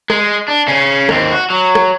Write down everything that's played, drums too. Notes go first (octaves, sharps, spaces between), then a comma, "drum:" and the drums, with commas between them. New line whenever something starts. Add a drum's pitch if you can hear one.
G#3, drum: rim click
D4
C#3 C#4
D#2 C4, drum: rim click
F#4
F#3
drum: rim click